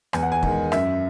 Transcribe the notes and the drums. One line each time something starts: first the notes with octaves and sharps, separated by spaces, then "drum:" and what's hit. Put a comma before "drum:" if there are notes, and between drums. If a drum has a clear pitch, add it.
E2 G#5, drum: rim click
F#5
G#5
D#3 G#3, drum: kick
F#2 E5, drum: rim click